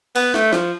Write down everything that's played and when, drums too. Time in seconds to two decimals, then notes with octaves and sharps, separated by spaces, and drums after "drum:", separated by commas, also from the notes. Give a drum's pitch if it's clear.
0.16 B3, drum: cymbal
0.34 A3, drum: snare
0.53 F3, drum: snare